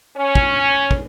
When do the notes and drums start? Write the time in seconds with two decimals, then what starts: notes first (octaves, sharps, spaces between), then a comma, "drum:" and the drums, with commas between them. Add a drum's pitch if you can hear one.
0.17 C#4
0.35 drum: kick
0.91 drum: kick